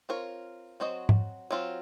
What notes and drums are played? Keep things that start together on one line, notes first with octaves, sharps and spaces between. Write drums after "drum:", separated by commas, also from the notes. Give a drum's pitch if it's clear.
C4 F4 A#4 C#5
F#3 C4 F#4 C5 D#5
drum: tom G#2
F#3 C4 F4